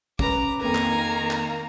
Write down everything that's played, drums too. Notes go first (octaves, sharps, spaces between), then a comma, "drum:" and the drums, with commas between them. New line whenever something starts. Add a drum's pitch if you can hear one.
C#4 B4 A#5 D6, drum: kick
F2 D#3 A#3 B4 G#5 A#5
drum: clap
drum: clap